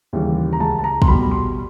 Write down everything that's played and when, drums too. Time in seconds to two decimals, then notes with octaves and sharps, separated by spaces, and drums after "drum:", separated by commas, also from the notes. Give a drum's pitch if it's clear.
0.13 D#2 C#3 E3 G3
0.53 A#5
0.60 C#2 A5
0.79 A5
0.84 A#5
1.02 C6, drum: kick
1.08 B2 G3 B5
1.31 C6